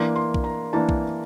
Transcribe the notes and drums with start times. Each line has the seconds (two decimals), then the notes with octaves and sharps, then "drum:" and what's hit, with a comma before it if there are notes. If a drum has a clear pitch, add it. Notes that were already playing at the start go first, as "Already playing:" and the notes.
Already playing: E3 A#3 D4 C6
0.16 C6
0.34 drum: kick
0.44 A#5
0.73 E3 A#3 D4 A5
0.89 drum: kick